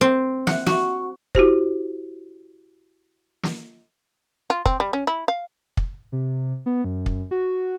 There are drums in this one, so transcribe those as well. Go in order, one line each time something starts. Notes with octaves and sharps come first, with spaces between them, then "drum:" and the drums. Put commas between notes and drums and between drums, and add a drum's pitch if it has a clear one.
C4
F#5, drum: snare
F#4, drum: snare
E4 F#4 G4 C5, drum: kick
drum: snare
F4
C4, drum: kick
G3
C#4
E4
F5
drum: kick
C3
B3
F#2
drum: kick
F#4